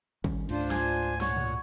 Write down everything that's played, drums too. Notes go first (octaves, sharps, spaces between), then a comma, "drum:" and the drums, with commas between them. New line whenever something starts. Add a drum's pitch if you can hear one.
D#3 G3 C#4, drum: kick
C#2 G#2 A3 D4 F4 C5, drum: cymbal
G#5, drum: snare
A#2 C#5 F#5, drum: snare
drum: tom B2